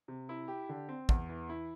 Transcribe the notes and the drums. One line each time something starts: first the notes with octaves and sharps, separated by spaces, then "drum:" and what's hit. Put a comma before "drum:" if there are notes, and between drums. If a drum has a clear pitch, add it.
C3
E4
G4
D3
C4
E2, drum: kick
E3
E4